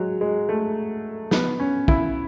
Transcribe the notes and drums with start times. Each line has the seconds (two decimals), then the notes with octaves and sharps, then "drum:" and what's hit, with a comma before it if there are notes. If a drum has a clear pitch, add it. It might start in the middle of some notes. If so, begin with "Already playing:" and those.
Already playing: F#3 G#3
0.21 G#3
0.49 A3
1.31 B3, drum: snare
1.60 C#4
1.88 E4, drum: kick